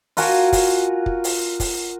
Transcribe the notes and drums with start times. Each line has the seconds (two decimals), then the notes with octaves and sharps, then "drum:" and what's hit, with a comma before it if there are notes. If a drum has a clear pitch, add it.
0.17 F4 F#4 A#4 G#5, drum: open hi-hat
0.53 drum: kick, open hi-hat
1.06 drum: kick
1.24 drum: open hi-hat
1.60 drum: kick, open hi-hat